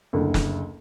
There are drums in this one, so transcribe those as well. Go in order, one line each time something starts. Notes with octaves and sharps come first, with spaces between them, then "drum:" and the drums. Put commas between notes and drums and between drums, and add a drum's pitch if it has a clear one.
F#1 D2
drum: snare